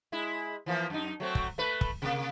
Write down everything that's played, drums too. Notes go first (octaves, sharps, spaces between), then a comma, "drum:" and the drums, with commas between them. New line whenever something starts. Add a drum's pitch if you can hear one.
G#3 E4
E3 F3 A#3
F#2 D#4
F#3 A3 C4
drum: kick
A3 B4
drum: kick
C3 A#3